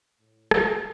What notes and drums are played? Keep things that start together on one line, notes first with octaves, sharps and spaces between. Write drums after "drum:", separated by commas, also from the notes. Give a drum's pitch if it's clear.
A2
A#2, drum: rim click